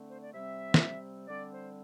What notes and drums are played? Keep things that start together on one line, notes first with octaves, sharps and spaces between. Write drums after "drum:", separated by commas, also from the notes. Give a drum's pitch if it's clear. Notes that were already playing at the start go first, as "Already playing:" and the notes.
Already playing: D3 A3 C4
C5
D5
C3 G3 C4 E5
drum: snare
D3 G3 C4 D5
C5